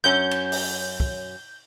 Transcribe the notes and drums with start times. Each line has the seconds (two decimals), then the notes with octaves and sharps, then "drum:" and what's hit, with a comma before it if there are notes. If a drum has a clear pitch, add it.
0.04 F#2 F#3 C#4 G6
0.31 drum: cymbal
0.52 drum: open hi-hat
1.00 drum: kick